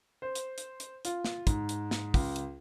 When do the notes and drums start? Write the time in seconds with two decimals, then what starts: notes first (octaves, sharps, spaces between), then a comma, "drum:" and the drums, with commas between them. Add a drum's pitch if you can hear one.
0.22 C5
0.35 drum: hi-hat
0.58 drum: hi-hat
0.80 drum: hi-hat
1.05 F4, drum: hi-hat
1.24 drum: snare
1.47 G#2, drum: kick, hi-hat
1.69 drum: hi-hat
1.91 drum: snare
2.14 C#2, drum: kick, open hi-hat
2.36 drum: hi-hat